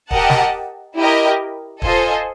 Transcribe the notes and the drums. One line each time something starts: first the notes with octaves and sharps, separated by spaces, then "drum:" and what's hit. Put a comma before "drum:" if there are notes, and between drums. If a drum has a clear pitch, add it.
G4 A#4 D#5 F#5 A5, drum: kick
drum: snare
E4 G4 A#4 D#5
F4 A4 C5 D#5 G#5, drum: kick